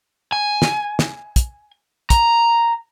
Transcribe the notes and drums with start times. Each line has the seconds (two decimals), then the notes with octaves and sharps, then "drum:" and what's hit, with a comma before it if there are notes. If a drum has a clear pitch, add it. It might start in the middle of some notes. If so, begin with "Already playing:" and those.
0.32 G#5
0.62 drum: snare
0.99 drum: snare
1.36 drum: kick, hi-hat
2.10 A#5, drum: kick, hi-hat